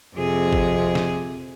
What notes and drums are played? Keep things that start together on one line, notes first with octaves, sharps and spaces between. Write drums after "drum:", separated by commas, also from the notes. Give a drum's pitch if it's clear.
F2 C3 G#4
drum: kick
drum: snare